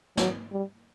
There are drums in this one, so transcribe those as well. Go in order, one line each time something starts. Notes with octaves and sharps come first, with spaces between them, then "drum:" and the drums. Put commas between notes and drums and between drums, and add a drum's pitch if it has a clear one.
F#3, drum: snare
G3